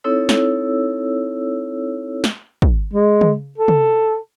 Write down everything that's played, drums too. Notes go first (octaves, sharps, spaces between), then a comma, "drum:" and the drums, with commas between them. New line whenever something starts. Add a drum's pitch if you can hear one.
C4 D#4 E4 A4 C#5 E6
drum: snare
drum: snare
drum: kick
G#3
drum: tom
A4
drum: tom